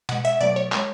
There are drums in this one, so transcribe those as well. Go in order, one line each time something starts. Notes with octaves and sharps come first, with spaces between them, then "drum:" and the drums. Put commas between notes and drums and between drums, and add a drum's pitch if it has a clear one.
B2 G#3 F#5, drum: cymbal
E5
B2 F#3 A3 D5
C#5
G#3 C#5, drum: clap